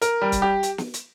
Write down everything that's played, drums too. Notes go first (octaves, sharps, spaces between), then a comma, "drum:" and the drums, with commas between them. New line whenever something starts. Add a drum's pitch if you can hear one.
A#4, drum: hi-hat
G3
drum: kick, hi-hat
G4
drum: hi-hat
drum: snare
drum: hi-hat